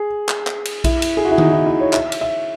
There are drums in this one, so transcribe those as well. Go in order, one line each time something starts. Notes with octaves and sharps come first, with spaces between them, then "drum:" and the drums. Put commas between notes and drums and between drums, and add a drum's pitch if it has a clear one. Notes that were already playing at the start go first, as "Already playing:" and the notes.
Already playing: G#4
drum: clap
drum: clap
drum: cymbal
E4, drum: kick A#1, cymbal
drum: cymbal
G#4
F#4
E4
D#4, drum: tom D#3
E4
E4
C#5
E5, drum: clap
drum: cymbal
E5